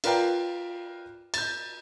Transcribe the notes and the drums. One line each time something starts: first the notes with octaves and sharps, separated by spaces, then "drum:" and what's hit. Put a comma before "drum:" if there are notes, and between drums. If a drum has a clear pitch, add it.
F4 A#4 B4 D5 F5 G5, drum: cymbal
G6 A6, drum: cymbal